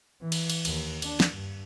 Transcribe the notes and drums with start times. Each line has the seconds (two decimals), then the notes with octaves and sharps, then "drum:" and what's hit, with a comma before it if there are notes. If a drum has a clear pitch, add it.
0.21 E3
0.32 drum: cymbal
0.50 drum: cymbal
0.65 D#2, drum: cymbal
1.02 D4, drum: cymbal
1.20 drum: snare
1.33 G2